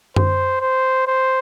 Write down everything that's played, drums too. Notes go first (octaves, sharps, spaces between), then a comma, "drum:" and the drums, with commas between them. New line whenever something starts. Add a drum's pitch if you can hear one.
C5, drum: tom F#2
C5
C5